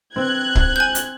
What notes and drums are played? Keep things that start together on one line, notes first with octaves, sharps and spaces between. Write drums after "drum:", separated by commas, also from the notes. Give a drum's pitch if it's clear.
C4 F#6 G#6
drum: kick C#1
G#5 G6
drum: hi-hat